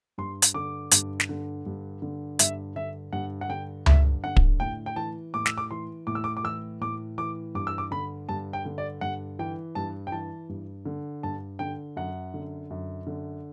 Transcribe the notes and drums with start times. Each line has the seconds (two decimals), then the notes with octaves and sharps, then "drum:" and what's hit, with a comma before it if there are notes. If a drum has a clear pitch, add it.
0.18 G2 C6
0.42 drum: hi-hat
0.54 D3 D6
0.92 G2, drum: hi-hat
1.20 drum: snare
1.29 D3
1.66 G2
2.02 D3
2.39 G2 E5, drum: hi-hat
2.76 D3 E5
3.13 G2 F#5
3.41 F#5
3.49 D3 G5
3.86 G2 E5, drum: tom C#2
4.24 D3 F#5
4.37 drum: kick
4.60 A2 G5
4.86 G5
4.96 E3 A5
5.34 A2 D6
5.46 E6, drum: snare
5.58 D6
5.71 E3 C6
6.07 A2 D6
6.15 E6
6.24 D6
6.37 D6
6.44 E3 E6
6.81 A2 D6
7.18 E3 D6
7.55 G2 D6
7.67 E6
7.78 D6
7.91 D3 B5
8.29 G2 A5
8.53 G5
8.65 D3
8.78 D5
9.01 G2 F#5
9.39 E3 G5
9.75 G2 A5
10.07 G5
10.12 E3 A5
10.49 G2
10.86 D3
11.23 G2 A5
11.59 D3 G5
11.96 F#2 F#5
12.34 D3
12.70 F#2
13.07 D3